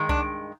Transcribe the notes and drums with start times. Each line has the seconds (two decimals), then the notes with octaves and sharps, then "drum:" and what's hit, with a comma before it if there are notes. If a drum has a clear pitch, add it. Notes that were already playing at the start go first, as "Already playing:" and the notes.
Already playing: G2 D#3 G#3
0.09 D4, drum: kick C2